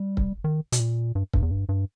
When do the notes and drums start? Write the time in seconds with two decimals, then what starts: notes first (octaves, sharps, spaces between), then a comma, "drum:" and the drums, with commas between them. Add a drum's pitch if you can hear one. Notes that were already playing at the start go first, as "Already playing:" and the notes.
Already playing: G3
0.17 drum: kick C#1
0.44 D#3
0.72 B2, drum: hi-hat
0.80 A#2
1.15 G2
1.33 G2, drum: kick C#1
1.42 E2
1.51 G2
1.69 G2